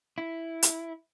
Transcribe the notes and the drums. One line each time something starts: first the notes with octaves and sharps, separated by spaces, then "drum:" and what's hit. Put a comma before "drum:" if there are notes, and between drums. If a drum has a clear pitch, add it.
E4
drum: hi-hat